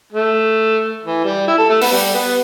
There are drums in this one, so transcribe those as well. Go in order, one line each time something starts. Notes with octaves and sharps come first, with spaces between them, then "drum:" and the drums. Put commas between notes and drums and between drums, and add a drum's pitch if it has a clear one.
A3
E3
G3
E4
A4
A3
B3, drum: open hi-hat
G3
B3